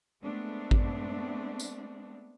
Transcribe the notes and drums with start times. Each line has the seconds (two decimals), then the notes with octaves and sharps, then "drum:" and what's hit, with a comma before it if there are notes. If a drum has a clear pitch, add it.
0.23 G#3 A3 B3 C4 D4
0.71 drum: kick G#1
1.59 drum: tambourine